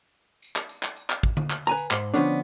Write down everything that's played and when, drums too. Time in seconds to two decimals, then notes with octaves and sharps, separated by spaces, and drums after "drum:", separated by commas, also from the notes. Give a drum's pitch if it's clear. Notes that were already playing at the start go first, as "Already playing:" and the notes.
0.42 drum: tambourine
0.56 drum: clap
0.69 drum: tambourine
0.83 drum: clap
0.96 drum: tambourine
1.10 drum: clap
1.23 drum: kick
1.37 drum: tom D3
1.50 drum: clap
1.67 B4 G#5 A#5
1.77 drum: tambourine
1.91 G#2, drum: clap
2.14 D3 E3 F3 B3 C#4 D4